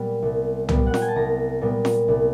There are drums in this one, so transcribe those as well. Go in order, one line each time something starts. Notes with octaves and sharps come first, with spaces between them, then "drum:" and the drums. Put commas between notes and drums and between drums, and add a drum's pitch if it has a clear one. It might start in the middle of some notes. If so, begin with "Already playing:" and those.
Already playing: A#2 G3 B3
C2
A#2 G3 B3, drum: tom
F#5
G5, drum: snare F4
G#5
A5
C2 A#5
A#2 G3 B3
drum: snare F4
C2